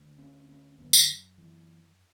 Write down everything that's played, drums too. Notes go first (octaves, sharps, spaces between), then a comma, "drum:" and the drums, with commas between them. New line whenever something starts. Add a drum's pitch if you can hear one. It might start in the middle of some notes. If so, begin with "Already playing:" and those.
Already playing: D2 D3
C#4
C#4
F#2 D3 B3
D3, drum: tambourine
E3